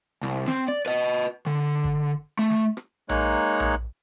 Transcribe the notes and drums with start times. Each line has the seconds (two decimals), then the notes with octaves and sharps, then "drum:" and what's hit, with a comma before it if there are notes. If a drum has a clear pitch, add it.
0.23 C2, drum: hi-hat
0.47 C4, drum: snare
0.68 D5
0.86 B4 D#5
1.47 D3
1.84 drum: kick
2.39 A3
2.50 drum: snare
2.77 drum: rim click
3.09 G#3 A#3 D#4 C#5 F#6, drum: tom A#1
3.60 drum: tom A#1